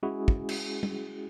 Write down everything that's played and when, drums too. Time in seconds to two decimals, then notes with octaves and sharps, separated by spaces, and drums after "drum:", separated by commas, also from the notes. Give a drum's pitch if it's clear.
0.03 G#3 C#4 E4 F#4 G#4
0.28 drum: kick
0.49 drum: cymbal
0.83 drum: tom